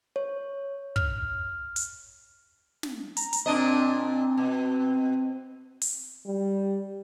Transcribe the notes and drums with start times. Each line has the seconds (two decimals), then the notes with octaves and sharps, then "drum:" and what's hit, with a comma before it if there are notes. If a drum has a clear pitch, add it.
0.16 C#5
0.96 F6, drum: kick
1.76 drum: hi-hat
2.83 drum: snare
3.17 A#5, drum: hi-hat
3.33 drum: hi-hat
3.46 A#2 C4 D4 D#5
4.38 B2
5.82 drum: open hi-hat
6.26 G3